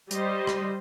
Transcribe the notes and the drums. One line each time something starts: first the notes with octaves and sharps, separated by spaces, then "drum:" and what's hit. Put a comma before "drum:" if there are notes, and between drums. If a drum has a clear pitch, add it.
G3 C5 D#5, drum: hi-hat
drum: rim click